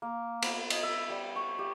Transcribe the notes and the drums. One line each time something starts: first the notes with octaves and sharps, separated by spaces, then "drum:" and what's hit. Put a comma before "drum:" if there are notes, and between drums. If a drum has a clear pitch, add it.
A#3
B3, drum: cymbal
D#5, drum: cymbal
E5
G3
C#6
G4